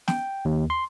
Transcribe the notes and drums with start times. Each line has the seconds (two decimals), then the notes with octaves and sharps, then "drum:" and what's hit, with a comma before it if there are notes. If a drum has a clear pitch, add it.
0.08 G5, drum: snare
0.45 D#2
0.70 C6